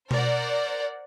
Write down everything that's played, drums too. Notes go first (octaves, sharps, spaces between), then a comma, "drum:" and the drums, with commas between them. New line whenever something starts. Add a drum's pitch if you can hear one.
A#4 C5 D5 F#5, drum: tom B2